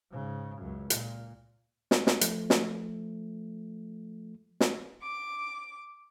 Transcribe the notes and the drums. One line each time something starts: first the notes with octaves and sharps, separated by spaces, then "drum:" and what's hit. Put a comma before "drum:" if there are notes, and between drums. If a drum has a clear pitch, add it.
G#2 C#3
C#2 F#2
A#2, drum: hi-hat
drum: snare
drum: snare
F3 A3, drum: hi-hat
drum: snare
drum: snare
D6